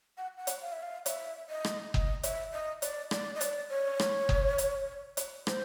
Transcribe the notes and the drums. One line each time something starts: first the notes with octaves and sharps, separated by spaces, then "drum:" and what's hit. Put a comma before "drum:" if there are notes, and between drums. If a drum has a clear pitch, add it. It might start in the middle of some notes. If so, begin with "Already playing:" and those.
F#5
F#5
drum: hi-hat
F5
E5
F5
E5, drum: hi-hat
D#5
drum: rim click
D#5, drum: kick F#1
E5, drum: hi-hat
D#5
D5, drum: hi-hat
D5, drum: rim click
D#5
D5, drum: hi-hat
C#5
drum: rim click
drum: kick F#1
drum: hi-hat
drum: hi-hat
C5, drum: rim click